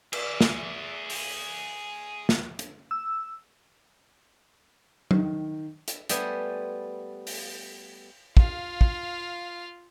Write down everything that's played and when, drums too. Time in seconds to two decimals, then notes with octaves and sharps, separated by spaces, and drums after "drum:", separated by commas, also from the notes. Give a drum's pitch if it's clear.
0.13 G#4 E5, drum: cymbal
0.41 drum: snare
1.10 drum: open hi-hat
2.29 drum: snare
2.59 drum: hi-hat
2.91 E6
5.11 D#3, drum: tom F#3
5.88 drum: hi-hat
6.09 G3 A3 B3 C5 G#5, drum: hi-hat
7.27 drum: open hi-hat
8.37 F4 F5, drum: kick
8.81 drum: kick